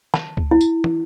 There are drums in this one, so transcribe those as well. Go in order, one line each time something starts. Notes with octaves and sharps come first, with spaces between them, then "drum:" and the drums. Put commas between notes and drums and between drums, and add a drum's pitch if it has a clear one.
A5, drum: snare
drum: kick C#2
E4
drum: tambourine
drum: tom